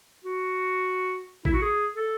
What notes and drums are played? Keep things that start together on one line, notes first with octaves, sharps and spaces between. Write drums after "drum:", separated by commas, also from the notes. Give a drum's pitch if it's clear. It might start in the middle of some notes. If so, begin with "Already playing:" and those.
F#4
E4, drum: kick A1
F#4
G#4
A4